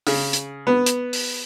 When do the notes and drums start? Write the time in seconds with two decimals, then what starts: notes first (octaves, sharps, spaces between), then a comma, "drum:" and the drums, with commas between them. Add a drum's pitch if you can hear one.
0.07 C#3, drum: open hi-hat
0.33 drum: hi-hat
0.67 B3
0.86 drum: hi-hat
1.13 drum: open hi-hat